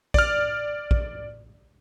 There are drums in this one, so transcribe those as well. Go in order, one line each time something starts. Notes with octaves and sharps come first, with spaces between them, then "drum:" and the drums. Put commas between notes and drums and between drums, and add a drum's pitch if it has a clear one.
D5 F6, drum: kick
drum: kick